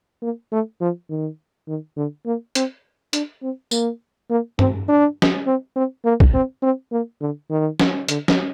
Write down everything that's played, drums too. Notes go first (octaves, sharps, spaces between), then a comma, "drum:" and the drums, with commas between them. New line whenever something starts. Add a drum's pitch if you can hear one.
A#3
A3
F3
D#3
D#3
D3
A#3
C4, drum: hi-hat
D4, drum: hi-hat
C4
A#3, drum: tambourine
A#3
C4, drum: tom G2
D4
drum: snare
C4
C4
A#3
drum: kick
C4
C4
A#3
D3
D#3
drum: snare
D3, drum: hi-hat
drum: snare